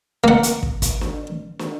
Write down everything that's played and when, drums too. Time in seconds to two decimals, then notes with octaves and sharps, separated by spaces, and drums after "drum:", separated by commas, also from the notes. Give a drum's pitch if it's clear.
0.24 A#3 F#5
0.43 drum: hi-hat
0.63 drum: kick
0.82 drum: kick, hi-hat
1.01 drum: snare
1.59 drum: snare